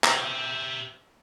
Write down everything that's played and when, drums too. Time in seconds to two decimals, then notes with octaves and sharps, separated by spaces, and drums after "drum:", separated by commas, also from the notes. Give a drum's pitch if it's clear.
0.04 G4 E5, drum: clap